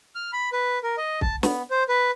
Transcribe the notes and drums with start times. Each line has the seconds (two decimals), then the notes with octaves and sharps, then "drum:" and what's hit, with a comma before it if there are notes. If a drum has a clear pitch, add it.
0.15 F6
0.33 B5
0.52 B4
0.83 A#4
0.98 D#5
1.21 A5, drum: kick
1.43 B3, drum: snare
1.70 C5
1.89 B4